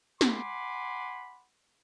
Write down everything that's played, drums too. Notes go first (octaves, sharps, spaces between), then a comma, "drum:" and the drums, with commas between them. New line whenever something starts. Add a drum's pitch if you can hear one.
F#5 G#5 B5 C6 D6, drum: snare